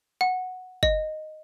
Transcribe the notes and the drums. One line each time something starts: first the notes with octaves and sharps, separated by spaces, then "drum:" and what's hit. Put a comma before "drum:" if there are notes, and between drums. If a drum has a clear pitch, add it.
F#5
D#5, drum: kick